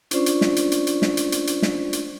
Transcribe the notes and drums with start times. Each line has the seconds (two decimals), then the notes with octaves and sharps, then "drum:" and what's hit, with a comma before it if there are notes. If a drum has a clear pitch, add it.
0.11 C#4 D4 F4 C5 D5 C#6, drum: hi-hat
0.26 drum: hi-hat
0.41 drum: snare
0.56 drum: hi-hat
0.72 drum: hi-hat
0.87 drum: hi-hat
1.02 drum: snare
1.17 drum: hi-hat
1.32 drum: hi-hat
1.47 drum: hi-hat
1.62 drum: snare
1.93 drum: hi-hat